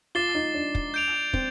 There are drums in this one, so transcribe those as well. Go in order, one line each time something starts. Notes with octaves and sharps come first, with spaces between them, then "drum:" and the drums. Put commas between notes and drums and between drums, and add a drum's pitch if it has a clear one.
F4 D6 A6 C7 G7
D#4
D4
drum: kick
G6 D7 F7
C4, drum: kick